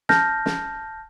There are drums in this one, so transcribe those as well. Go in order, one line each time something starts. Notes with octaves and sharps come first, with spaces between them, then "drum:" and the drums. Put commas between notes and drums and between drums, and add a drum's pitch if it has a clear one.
A5 F6 G6 A#6, drum: snare
drum: snare